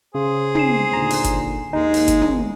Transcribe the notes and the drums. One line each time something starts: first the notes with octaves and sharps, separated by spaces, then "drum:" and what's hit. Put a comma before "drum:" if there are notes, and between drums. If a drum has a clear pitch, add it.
C#3 G#4 C5
G#5 C7 E7, drum: tom
D#2 A#2 D3 A#5
drum: open hi-hat
drum: kick, hi-hat
D#2 G#3 D#4
drum: open hi-hat
drum: kick, hi-hat
drum: tom